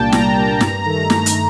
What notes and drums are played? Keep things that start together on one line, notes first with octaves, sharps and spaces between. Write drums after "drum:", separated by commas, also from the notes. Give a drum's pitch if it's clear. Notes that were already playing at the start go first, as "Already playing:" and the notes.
Already playing: C2 A#2 G3 A#3 D4 G5 A5
C2 A#5, drum: snare
A#2 G3 A#3 D4
G2, drum: snare
D#3 A3
drum: snare
drum: hi-hat